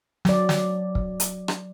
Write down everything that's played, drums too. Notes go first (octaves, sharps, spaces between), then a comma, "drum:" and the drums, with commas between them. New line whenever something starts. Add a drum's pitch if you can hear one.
F#3 D5, drum: snare
drum: snare
drum: kick
drum: hi-hat
drum: rim click